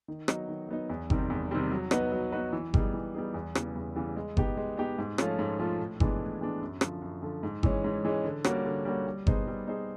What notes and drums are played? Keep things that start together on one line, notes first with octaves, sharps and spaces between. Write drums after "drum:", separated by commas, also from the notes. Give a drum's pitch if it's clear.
D#3
F#3 B3 D#4, drum: rim click
D#3
F#3 B3 D#4
E2
C3 D#3 G3 C4, drum: kick G1
E2
C3 D#3 G3 C4
F#3
B3 D#4 F#4 B4, drum: rim click
F#3
B3 D#4 F#4 B4
E3
G3 B3 D#4 G#4, drum: kick G1
E3
G3 B3 D#4 G#4
E2
C#3 E3 G3 B3, drum: rim click
E2
C#3 E3 G3 B3
G#3
B3 D#4 G4, drum: kick G1
G#3
B3 D#4 G4
G#2
F3 A3 C#4 F4, drum: rim click
G#2
F3 A3 C#4 F4
A2
E3 G#3 B3 D4, drum: kick G1
A2
E3 G#3 B3 D4
F#2
D3 F3, drum: rim click
F#2
D3 F3
G#2
E3 G#3 C#4, drum: kick G1
G#2
E3 G#3 C#4
D3
G3 A#3 C#4 F#4, drum: rim click
D3
G3 A#3 C#4 F#4
G3
B3 D#4 G#4 C5, drum: kick G1
G3
B3 D#4 G#4 C5